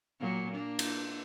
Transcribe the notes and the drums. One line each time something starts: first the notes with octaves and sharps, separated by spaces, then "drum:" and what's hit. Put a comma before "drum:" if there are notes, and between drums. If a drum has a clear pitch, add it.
A#2 F#3 A#3
A#3 D4
drum: cymbal